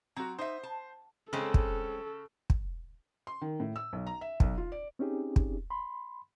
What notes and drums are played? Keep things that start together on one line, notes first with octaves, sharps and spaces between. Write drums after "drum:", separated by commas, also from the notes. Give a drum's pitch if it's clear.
F#3 C4 F#4 A#5
D#4 C5 E5
A5
C#3 G#3 C4 C#4 A4
drum: kick
drum: kick
C6
D#3
A2
E6
B1
A#5
E5
B1, drum: kick
F4
D5
C4 C#4 D#4 G4 G#4
drum: kick
B5 C6